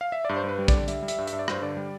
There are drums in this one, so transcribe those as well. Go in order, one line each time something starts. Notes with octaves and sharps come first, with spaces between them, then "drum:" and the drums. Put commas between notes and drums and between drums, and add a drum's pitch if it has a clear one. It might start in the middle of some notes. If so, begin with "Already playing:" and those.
F5
E5
G2 D5
C5
G2 B4
G3
D3 D5, drum: kick, hi-hat
G3 E5, drum: hi-hat
G3
E5, drum: hi-hat
G2
E5, drum: hi-hat
G2
D5
G2 C5, drum: rim click
D3 D5
G3